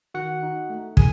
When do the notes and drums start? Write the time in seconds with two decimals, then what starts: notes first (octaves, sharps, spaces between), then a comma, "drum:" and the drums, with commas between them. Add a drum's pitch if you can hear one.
0.14 D#3 F#4 F#5
0.43 D#4
0.70 A3
0.97 D#3 G#4 G#5, drum: kick